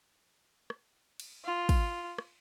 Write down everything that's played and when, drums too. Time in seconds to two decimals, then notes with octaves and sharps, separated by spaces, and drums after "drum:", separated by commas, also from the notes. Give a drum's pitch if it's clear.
0.70 drum: rim click
1.20 drum: cymbal
1.44 F4
1.69 drum: kick, cymbal
2.18 drum: rim click